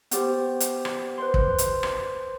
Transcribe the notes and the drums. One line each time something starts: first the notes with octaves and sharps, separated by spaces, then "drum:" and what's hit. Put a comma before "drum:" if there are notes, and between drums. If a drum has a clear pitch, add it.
B3 G4 C5, drum: hi-hat
drum: hi-hat
drum: rim click
B4 C5 C6
drum: kick
drum: hi-hat
drum: rim click